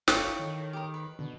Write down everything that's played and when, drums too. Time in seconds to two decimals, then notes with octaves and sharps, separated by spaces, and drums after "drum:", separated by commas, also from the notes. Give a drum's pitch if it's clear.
0.08 G1 A4 C#5 F5 G5 C#6, drum: snare
0.27 E4
0.39 D#3
0.73 G4 A#4
0.94 B4
1.19 B2 D3